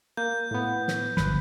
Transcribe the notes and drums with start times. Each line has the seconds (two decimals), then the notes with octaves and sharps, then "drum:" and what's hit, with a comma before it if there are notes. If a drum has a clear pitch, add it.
0.17 A#3 G6
0.51 A2 B3
0.88 drum: snare
1.17 G1 F3 B4, drum: snare